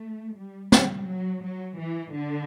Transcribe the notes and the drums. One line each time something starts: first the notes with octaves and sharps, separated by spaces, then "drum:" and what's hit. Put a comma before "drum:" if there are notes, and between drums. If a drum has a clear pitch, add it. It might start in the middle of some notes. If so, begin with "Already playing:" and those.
Already playing: A3
G3
G3, drum: snare
F#3
F#3
E3
D3